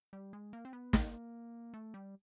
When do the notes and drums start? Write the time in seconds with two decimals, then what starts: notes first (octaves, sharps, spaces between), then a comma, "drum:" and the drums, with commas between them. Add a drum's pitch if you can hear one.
0.13 G3
0.33 G#3
0.53 A#3
0.65 C4
0.73 B3
0.93 A#3, drum: snare
1.74 A3
1.94 G3